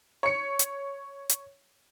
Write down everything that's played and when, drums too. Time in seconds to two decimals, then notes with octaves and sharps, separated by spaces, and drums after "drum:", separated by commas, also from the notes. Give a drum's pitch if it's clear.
0.23 C#5 C#7
0.59 drum: hi-hat
1.29 drum: hi-hat